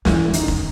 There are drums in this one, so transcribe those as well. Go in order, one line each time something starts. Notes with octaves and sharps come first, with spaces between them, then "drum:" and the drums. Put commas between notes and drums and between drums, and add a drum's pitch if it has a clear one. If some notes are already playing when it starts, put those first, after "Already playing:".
E2 E3 E4, drum: snare
D#3 D#4, drum: hi-hat
drum: kick F1